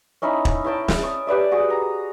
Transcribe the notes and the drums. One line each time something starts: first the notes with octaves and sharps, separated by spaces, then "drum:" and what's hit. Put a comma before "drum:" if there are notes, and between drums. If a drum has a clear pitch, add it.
C#4 D#4 E4 B5
drum: kick
E4 C#5 G5 A5
drum: snare
C#6 D#6
G4 B4 D5 E5
F#4 G#4 D#6
A#5